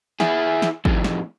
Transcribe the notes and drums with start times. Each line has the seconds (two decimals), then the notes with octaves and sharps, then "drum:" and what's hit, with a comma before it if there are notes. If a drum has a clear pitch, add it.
0.20 E4 G#4, drum: snare
0.62 drum: snare
0.85 F2 A2, drum: kick G#1
1.04 drum: snare